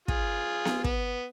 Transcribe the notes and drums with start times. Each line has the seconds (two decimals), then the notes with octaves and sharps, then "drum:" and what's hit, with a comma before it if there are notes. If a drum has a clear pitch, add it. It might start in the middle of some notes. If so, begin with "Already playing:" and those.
0.08 F4 G#4, drum: kick
0.65 drum: snare B3
0.84 B3, drum: kick